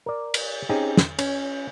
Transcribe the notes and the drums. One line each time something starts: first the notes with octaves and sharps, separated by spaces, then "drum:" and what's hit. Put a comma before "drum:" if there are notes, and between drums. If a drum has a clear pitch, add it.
A#4 D5
drum: cymbal
C4 C#4 D#4 G4 G#4
drum: snare
C#4, drum: cymbal